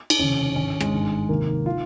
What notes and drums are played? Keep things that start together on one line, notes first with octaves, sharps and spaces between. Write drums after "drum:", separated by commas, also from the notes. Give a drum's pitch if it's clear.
D#4, drum: cymbal
F1 D#2 C#3 C#4
G#1 G2 D#3 C#4
G#3, drum: rim click
G#1 G2 D#3
F1 D#2 D#3 A#3
D#3 F4